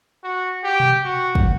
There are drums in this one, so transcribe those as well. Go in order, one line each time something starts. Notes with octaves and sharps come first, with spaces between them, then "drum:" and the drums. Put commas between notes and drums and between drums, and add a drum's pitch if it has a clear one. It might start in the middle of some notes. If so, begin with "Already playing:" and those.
F#4
G4
drum: tom B2
F#4
drum: kick